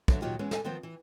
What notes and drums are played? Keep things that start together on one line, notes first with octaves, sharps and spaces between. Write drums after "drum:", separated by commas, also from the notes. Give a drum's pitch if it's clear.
D3 F#3 E5, drum: kick
A#2 D#3 F#3 D#4 F4 G4
E3 G#3 B3 C#4
A4 E5 G#5, drum: snare
D#3 F3 B3 C4
E3